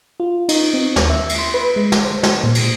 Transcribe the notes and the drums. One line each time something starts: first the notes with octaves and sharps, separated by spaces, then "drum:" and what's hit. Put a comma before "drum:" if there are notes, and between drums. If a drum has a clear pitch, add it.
F4
D#4, drum: cymbal
C4
D#2, drum: snare
E5
drum: cymbal
C6
B4
G#3
drum: snare
C5
drum: snare
A#2
drum: cymbal